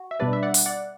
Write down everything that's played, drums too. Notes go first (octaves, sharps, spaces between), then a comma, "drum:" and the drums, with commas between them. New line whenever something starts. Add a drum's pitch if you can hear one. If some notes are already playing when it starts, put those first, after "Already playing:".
Already playing: F#4
E5
B2 G3 D4 B4 D5
E5
D5 F#5
drum: open hi-hat
D5 F#5